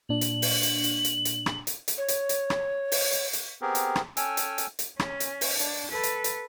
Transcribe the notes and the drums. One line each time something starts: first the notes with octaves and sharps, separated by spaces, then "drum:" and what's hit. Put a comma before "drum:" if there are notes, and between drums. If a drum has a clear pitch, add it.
A#2 D4 F#7
drum: hi-hat
drum: open hi-hat
drum: hi-hat
drum: hi-hat
drum: hi-hat
drum: hi-hat
drum: rim click
drum: hi-hat
drum: hi-hat
C#5
drum: hi-hat
drum: hi-hat
drum: rim click
drum: open hi-hat
drum: hi-hat
drum: hi-hat
B3 C4 G4 G#4 A#4
drum: hi-hat
drum: rim click
C#4 A4 G5 G#5 E6 F6, drum: hi-hat
drum: hi-hat
drum: hi-hat
drum: hi-hat
C#4, drum: rim click
drum: hi-hat
drum: open hi-hat
D4, drum: hi-hat
A4 B4
drum: hi-hat
drum: hi-hat